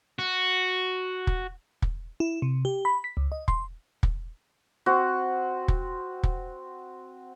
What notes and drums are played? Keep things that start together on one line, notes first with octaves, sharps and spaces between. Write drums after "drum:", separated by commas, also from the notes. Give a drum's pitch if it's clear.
F#4
drum: kick
drum: kick
E4
C3
G4
B5
B6
C#2
D#5
C6, drum: kick
drum: kick
C4 F#4
drum: kick
drum: kick